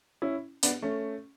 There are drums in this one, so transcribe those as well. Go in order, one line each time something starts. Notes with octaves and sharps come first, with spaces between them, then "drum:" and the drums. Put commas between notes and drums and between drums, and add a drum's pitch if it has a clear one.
C#4 E4
B3 D4, drum: hi-hat
A3 C#4